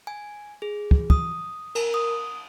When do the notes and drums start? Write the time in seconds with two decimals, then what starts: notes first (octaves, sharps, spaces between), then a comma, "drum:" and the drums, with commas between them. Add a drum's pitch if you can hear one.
0.07 G#5
0.62 G#4
0.91 drum: kick
1.10 D#6, drum: kick
1.75 A#4, drum: cymbal
1.94 D#6